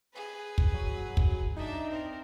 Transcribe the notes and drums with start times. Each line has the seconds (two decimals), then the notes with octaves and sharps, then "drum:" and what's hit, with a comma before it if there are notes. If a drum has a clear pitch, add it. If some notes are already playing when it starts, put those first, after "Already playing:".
0.13 G#4 B4
0.58 drum: kick
0.74 F#3
1.17 drum: kick
1.56 D4 D#4 E5
1.89 C4 A#4